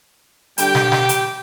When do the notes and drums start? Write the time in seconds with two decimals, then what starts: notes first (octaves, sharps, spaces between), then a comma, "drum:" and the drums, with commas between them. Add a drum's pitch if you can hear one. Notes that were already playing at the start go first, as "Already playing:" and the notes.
0.58 D3 G3 D4 G4 G5, drum: hi-hat
0.75 drum: snare
0.92 drum: snare
1.09 drum: hi-hat